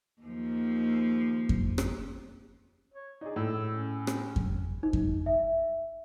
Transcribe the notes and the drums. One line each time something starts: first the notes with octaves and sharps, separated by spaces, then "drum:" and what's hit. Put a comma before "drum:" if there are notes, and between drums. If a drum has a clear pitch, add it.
D#2 F3
drum: kick F2
drum: rim click
C#5
D#4 G#4 D5
A2 E6
C#4
drum: rim click
drum: kick F2
D#4
drum: kick F2
E5